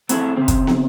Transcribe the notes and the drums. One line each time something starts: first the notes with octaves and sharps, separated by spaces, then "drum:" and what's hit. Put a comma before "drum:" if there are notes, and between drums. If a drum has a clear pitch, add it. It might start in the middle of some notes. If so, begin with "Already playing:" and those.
A3 C4 E4 F#4 G#4 A4, drum: hi-hat
C#3 C4
drum: kick, hi-hat
drum: snare